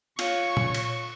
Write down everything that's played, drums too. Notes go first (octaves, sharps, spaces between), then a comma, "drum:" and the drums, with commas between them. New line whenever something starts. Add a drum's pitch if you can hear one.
F4 C#5 C#6, drum: cymbal
drum: tom A#2
drum: cymbal